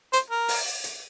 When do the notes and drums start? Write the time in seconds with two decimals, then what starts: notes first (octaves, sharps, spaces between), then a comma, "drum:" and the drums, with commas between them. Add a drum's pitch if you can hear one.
0.13 C5, drum: hi-hat
0.30 A#4
0.48 drum: open hi-hat
0.84 drum: hi-hat